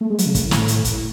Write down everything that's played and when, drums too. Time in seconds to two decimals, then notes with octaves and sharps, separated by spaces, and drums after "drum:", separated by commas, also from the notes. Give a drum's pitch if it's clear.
0.01 A3
0.10 G#3
0.18 F#3, drum: hi-hat
0.26 C#3
0.35 A2, drum: kick, hi-hat
0.51 drum: snare
0.68 drum: hi-hat
0.85 drum: kick, hi-hat